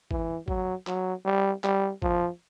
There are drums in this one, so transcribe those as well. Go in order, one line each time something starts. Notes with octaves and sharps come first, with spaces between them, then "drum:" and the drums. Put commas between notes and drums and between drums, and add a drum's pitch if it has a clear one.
E3, drum: kick G#1
F#3, drum: kick G#1
F#3, drum: clap
G3
G3, drum: clap
F3, drum: kick G#1